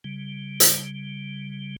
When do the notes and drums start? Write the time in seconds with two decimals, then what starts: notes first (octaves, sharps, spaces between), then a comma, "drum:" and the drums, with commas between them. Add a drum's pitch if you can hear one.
0.04 C#3 G3
0.60 drum: hi-hat